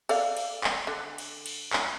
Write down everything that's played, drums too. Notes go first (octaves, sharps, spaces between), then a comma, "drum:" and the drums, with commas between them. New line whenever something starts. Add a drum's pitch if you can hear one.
A4 D5 F5, drum: cymbal
drum: cymbal
drum: clap
D3
drum: cymbal
drum: cymbal
drum: clap